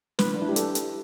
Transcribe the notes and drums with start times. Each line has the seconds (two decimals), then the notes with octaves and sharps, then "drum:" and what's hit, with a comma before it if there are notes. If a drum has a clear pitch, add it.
0.19 B4, drum: snare
0.34 D4
0.41 E4
0.48 G4
0.56 A4, drum: hi-hat
0.75 drum: hi-hat